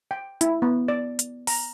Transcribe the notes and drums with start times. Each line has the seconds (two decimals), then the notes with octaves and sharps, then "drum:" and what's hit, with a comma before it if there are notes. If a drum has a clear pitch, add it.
0.11 G5
0.41 E4, drum: hi-hat
0.62 B3
0.88 D5
1.19 drum: hi-hat
1.47 A#5, drum: open hi-hat